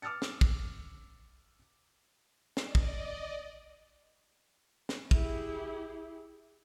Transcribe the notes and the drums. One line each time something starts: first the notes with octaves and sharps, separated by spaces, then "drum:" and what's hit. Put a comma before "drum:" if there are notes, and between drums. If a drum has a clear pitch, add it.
D6 E6 F6 A6 C#7
drum: snare
drum: kick
D5 D#5, drum: snare
drum: kick
drum: snare
E4 G4 G#4, drum: kick